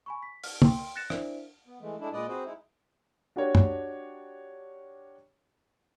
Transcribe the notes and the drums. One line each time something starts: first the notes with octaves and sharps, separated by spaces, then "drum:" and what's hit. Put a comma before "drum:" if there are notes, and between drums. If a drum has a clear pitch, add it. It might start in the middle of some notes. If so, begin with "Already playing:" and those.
G#5 B5 C#6
B6
F6, drum: open hi-hat
A#4 G5 C6, drum: tom
F#6 A6 A#6 C#7 E7
D4 E4 A#4 C5 D5 E5, drum: rim click
B3
E3 G#3 A3
G#3 A3 D4 E4
A#2 G#3 B4 D5 D#5
C4 F#4 G#4 B4 C5
G#3 D#4 E4
D4 F#4 G4 A#4 C#5
drum: tom